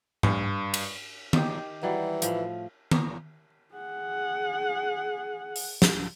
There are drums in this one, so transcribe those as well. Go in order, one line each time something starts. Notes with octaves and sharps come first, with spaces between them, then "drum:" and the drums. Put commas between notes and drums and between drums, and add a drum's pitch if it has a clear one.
G2, drum: tom G#2
drum: cymbal
D#3 G4, drum: tom D#3
E3 F#3 G3
A2 F3, drum: hi-hat
drum: tom D#3
G#4 F#5
drum: open hi-hat
drum: snare